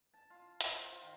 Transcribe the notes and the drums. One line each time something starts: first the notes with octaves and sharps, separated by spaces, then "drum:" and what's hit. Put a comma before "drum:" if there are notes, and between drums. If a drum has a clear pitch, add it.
A5
F4
C5, drum: hi-hat
F4
D#3